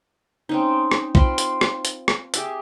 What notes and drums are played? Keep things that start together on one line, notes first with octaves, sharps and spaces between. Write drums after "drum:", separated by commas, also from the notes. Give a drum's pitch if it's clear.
C4 C#4 D#4
drum: rim click
C4 F4 B5 C6, drum: kick
drum: hi-hat
drum: rim click
drum: hi-hat
drum: rim click
G4 G#4 E5, drum: hi-hat